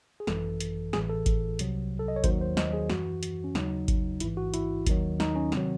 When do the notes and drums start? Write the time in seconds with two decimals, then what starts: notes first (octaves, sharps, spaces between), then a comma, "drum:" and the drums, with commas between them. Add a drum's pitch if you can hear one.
0.20 G#4
0.27 G#1 F#2 E3 A4, drum: snare
0.60 drum: hi-hat
0.93 A1 A2 E3 G#4, drum: snare
1.10 A4
1.26 drum: kick G#1, hi-hat
1.59 C2 C3 F#3, drum: hi-hat
1.99 A4
2.08 D#5
2.16 C#5
2.24 D#2 D#3 F#3 C5, drum: kick G#1, hi-hat
2.41 C5
2.57 D#5, drum: snare
2.73 G#4
2.90 F#2 E3 F#4, drum: snare
3.23 drum: hi-hat
3.44 C#4
3.55 D#2 C#3 F#3 D#4, drum: snare
3.88 drum: kick G#1, hi-hat
4.20 A1 G#2 E3 E4, drum: hi-hat
4.37 F#4
4.54 E4, drum: hi-hat
4.87 D#2 D#3 F#3, drum: kick G#1, hi-hat
5.20 D#4, drum: snare
5.36 C#4
5.52 C3 D#3 F#3 C4, drum: snare